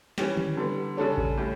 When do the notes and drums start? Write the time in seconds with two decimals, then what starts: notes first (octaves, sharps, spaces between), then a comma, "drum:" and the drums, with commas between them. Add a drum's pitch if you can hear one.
0.18 E3 G3 C#4 G4, drum: snare
0.37 drum: tom D3
0.57 D3 G3 B3
0.97 C#3 G3 D4 A4 C#5
1.17 drum: kick A1
1.37 A2 G3